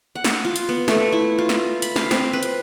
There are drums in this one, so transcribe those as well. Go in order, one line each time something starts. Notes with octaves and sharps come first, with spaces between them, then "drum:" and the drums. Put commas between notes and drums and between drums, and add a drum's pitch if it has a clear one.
F#5
drum: snare
F4
drum: hi-hat
B3
A3, drum: snare
E4
F4
drum: snare
B5, drum: hi-hat
F5, drum: snare
C4, drum: snare
B4
drum: hi-hat